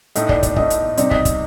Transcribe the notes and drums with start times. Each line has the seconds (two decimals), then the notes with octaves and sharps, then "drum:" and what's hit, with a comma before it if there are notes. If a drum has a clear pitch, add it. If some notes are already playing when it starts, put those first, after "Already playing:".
0.15 A2 A3 D#4 D#5, drum: hi-hat
0.29 D5, drum: kick
0.43 D5, drum: kick, hi-hat
0.56 A2 A3 D#4 D#5, drum: kick
0.70 drum: hi-hat
0.97 C3 G3 C4 D#4 D5, drum: hi-hat
1.11 D#5, drum: kick
1.25 drum: kick, hi-hat